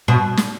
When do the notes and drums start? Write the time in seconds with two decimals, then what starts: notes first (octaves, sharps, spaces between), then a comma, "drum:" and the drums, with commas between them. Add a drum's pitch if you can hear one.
0.08 B2
0.37 drum: snare